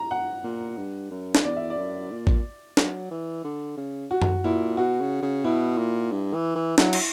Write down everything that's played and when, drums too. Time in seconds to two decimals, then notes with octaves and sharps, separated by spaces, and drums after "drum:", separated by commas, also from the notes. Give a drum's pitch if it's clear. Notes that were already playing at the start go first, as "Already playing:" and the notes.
Already playing: A#5
0.11 F#5
0.44 A#2
0.77 G2
1.11 F#2
1.35 drum: snare
1.44 E2 D5
1.56 E5
1.70 D5
1.77 F#2
2.11 A#2
2.27 drum: kick A1
2.77 F#3, drum: snare
3.11 E3
3.44 D3
3.77 C#3
4.11 F#4
4.22 drum: tom F#2
4.44 A#2 E4
4.77 B2 F#4
5.01 C#3
5.22 C#3
5.44 B2 E4
5.78 A#2
6.11 G2
6.34 E3
6.55 E3
6.78 F#3 E4, drum: snare
6.93 drum: cymbal